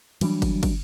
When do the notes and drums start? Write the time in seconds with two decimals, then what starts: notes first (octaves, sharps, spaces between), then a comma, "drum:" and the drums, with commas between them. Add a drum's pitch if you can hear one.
0.21 E3 F#3 G3 D4, drum: cymbal
0.42 drum: kick, cymbal
0.63 drum: kick, cymbal